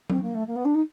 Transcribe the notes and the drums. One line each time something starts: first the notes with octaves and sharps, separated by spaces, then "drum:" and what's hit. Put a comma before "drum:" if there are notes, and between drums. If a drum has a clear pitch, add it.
C4, drum: tom F#3
A#3
A3
A#3
B3
D4
D#4